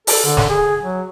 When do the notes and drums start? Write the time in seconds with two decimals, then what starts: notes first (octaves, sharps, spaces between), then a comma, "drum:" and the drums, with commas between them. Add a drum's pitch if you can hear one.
0.07 A4, drum: open hi-hat
0.25 D3
0.37 drum: snare
0.50 G#4
0.82 F#3